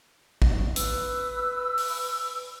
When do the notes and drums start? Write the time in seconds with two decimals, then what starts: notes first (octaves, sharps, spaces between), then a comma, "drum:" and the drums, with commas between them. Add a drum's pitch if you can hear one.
0.42 drum: kick A1
0.76 B4 E6, drum: hi-hat
1.77 drum: open hi-hat